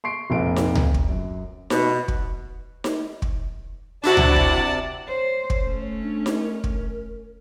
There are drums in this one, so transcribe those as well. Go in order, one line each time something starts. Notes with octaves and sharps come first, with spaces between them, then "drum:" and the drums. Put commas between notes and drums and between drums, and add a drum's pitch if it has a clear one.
C6 C#6 C7 D7
F1 A#1 D7
drum: snare D#4
drum: tom C#2
drum: kick
F#2
B2, drum: snare D#4
drum: kick
drum: snare D#4
drum: kick
C3 D4 E4 F#4 D5 F#5 A5
drum: tom C#2
drum: kick
C5 C#5
drum: kick
A3 C#4
D4
drum: snare D#4
A#4
drum: kick